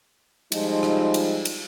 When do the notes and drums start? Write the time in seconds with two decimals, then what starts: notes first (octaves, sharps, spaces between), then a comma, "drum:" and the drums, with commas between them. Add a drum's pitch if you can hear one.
0.52 F3 G3 G#3 D#4 F4, drum: cymbal
0.83 drum: rim click
1.14 drum: cymbal
1.45 drum: cymbal